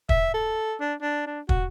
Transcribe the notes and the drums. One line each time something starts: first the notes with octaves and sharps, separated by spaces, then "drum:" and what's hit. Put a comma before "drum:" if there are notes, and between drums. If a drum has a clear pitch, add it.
E5, drum: kick
A4
D4
D4
D4
F#4, drum: kick